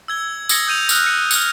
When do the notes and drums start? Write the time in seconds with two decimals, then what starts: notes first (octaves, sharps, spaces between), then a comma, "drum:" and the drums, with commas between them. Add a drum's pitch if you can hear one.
0.08 E6 G#6 G7
0.49 D#6 E6 G#6 A#6 C#7 G7, drum: tambourine
0.67 D#6 G6 D#7 F7
0.89 D#6 F6 F#6, drum: tambourine
1.07 C#7
1.31 F6 G6 C#7, drum: tambourine